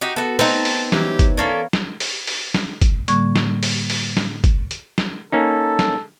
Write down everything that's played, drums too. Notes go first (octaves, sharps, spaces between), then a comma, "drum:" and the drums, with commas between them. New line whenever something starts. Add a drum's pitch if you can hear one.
D#4 F#4 G4
B3 F#4 A4
C4 D#4 B4 A5 A#5, drum: open hi-hat
drum: open hi-hat
E3 F#3 G4, drum: snare
drum: kick G1, hi-hat
C#4 A4 A#4 C#5 D5 F5 B5
drum: snare
drum: open hi-hat
drum: open hi-hat
drum: snare
drum: kick G1, hi-hat
A2 D3 G3 A#3 C#6 G#6, drum: hi-hat
drum: snare
drum: open hi-hat
drum: open hi-hat
drum: snare
drum: kick G1, hi-hat
drum: hi-hat
drum: snare
A#3 C#4 D#4 A4
drum: snare